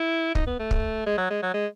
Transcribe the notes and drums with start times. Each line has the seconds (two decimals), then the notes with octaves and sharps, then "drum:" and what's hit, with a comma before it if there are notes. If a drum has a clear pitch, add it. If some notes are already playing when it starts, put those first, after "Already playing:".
Already playing: E4
0.35 D#4, drum: kick
0.47 B3
0.59 A3
0.71 drum: kick
1.07 G#3
1.18 F#3
1.31 G#3
1.43 F#3
1.54 G#3